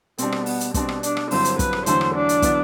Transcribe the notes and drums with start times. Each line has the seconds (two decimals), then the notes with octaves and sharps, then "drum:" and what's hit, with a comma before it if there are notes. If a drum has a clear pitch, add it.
0.18 B2 G3 C4 D4, drum: hi-hat
0.32 drum: rim click
0.46 B3, drum: open hi-hat
0.60 drum: hi-hat
0.74 B2 G3 C4 D4, drum: kick, hi-hat
0.89 drum: rim click
1.03 D4, drum: hi-hat
1.17 drum: rim click
1.31 G2 D3 F#3 C4 E4 C5, drum: open hi-hat
1.45 drum: hi-hat
1.59 B4, drum: kick, hi-hat
1.73 drum: rim click
1.86 E2 D3 F#3 A3 E4 C5, drum: hi-hat
2.01 drum: rim click
2.15 D4
2.29 drum: hi-hat
2.42 D3 F#3 B3 E4, drum: kick, hi-hat